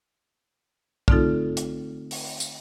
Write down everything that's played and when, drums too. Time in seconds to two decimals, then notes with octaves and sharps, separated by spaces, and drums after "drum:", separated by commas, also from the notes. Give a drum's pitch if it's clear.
1.08 D3 A3 C4 D#4 F4 A4, drum: kick B1
1.57 drum: hi-hat
2.11 drum: open hi-hat
2.40 drum: tambourine